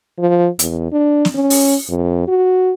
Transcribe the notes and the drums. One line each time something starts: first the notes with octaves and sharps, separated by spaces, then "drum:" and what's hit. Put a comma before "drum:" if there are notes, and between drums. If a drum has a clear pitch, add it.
F3
E2, drum: hi-hat
D4
drum: snare
C#4
drum: open hi-hat
F2
F#4